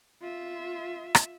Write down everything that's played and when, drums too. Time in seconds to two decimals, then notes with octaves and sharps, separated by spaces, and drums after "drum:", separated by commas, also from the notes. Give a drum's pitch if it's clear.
0.21 F4 E5
1.15 drum: rim click